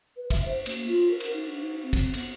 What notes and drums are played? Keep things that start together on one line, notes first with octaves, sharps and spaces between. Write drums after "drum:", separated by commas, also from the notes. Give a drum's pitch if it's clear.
B4
E5, drum: kick, cymbal
C5
A#3, drum: cymbal
F4
A#4
drum: cymbal
D#4
D4
D#4
C4
drum: kick, cymbal
B3, drum: cymbal